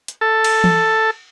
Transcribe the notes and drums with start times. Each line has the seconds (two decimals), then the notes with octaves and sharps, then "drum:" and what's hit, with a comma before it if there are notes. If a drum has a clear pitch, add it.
0.08 drum: hi-hat
0.21 A4
0.44 drum: cymbal
0.64 drum: tom E3